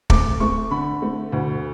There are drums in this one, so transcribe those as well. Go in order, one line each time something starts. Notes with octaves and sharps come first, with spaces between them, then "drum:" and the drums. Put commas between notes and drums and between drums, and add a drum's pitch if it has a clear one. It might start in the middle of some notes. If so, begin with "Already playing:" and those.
A3 D6, drum: kick
A3 C#6
D3 B5
A3
D2